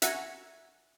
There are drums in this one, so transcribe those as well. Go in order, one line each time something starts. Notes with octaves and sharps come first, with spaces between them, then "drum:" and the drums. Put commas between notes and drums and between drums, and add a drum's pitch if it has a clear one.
E5 F#5 G#5 A#5 C#6, drum: hi-hat